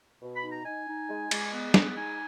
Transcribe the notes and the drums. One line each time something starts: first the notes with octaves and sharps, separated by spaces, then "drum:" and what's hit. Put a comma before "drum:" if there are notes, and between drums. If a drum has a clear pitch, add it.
B2
B5
D#4
A#5
D#4 G#5
D#4
G#3
G#3, drum: cymbal
B3
G#3, drum: snare
D#4 G#5